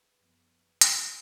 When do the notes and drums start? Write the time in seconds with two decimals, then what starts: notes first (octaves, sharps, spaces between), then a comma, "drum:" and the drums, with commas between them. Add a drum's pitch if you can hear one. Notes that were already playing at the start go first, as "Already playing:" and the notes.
Already playing: G#4 B4
0.21 F#2 F3 B3
0.81 drum: hi-hat